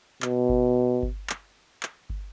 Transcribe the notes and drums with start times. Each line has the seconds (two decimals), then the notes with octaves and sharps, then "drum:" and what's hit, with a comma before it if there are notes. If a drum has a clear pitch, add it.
0.22 B2, drum: clap
0.49 drum: kick G1
1.03 drum: kick G1
1.29 drum: clap
1.83 drum: clap
2.10 drum: kick G1